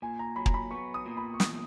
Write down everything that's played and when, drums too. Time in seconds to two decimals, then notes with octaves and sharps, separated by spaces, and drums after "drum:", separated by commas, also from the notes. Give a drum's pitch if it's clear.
0.02 A#2 G#5
0.19 A#5
0.36 F#3 B5
0.46 A#5, drum: kick
0.54 B5
0.71 B3 C#6
0.94 D#6
1.06 A#2
1.17 B5
1.34 C#6
1.40 E2 D#6, drum: snare